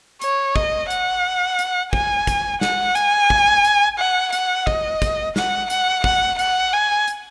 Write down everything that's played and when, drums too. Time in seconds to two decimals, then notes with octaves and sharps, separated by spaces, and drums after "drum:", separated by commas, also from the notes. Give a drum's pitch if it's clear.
0.22 C#5, drum: hi-hat
0.56 D#5, drum: kick
0.90 F#5, drum: hi-hat
1.59 drum: hi-hat
1.93 G#5, drum: kick
2.27 drum: kick, hi-hat
2.61 F#5, drum: snare
2.95 G#5, drum: hi-hat
3.30 drum: kick
3.65 drum: hi-hat
3.99 F#5
4.33 F#5, drum: hi-hat
4.67 D#5, drum: kick
5.02 drum: kick, hi-hat
5.36 F#5, drum: snare
5.70 F#5, drum: hi-hat
6.04 F#5, drum: kick
6.39 F#5, drum: hi-hat
6.73 G#5
7.08 drum: hi-hat